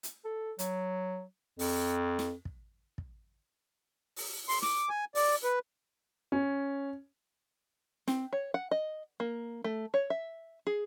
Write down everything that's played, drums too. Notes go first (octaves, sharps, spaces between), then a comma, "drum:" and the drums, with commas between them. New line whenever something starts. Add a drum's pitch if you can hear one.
drum: hi-hat
A4
F#3, drum: hi-hat
F2, drum: open hi-hat
drum: snare
drum: kick
drum: kick
drum: open hi-hat
C6, drum: open hi-hat
D6, drum: snare
G#5
D5, drum: open hi-hat
B4
C#4
C4, drum: snare
C#5
F#5
D#5
A#3
A3
C#5
E5
G#4